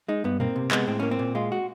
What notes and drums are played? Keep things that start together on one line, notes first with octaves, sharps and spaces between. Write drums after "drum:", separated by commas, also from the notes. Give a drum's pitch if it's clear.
G#3 D#4
G2 B3
A#3 C4, drum: tom A#2
C3
G#3 B3, drum: clap
A2 C4
A#3 C#4
C4
A#2
G#3 F4
F#4